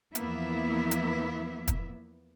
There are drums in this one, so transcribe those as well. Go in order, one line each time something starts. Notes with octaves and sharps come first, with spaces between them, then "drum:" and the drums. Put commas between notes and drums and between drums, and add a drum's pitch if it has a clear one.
E2 F3 A#3 B3 E4 E5, drum: hi-hat
drum: hi-hat
drum: kick, hi-hat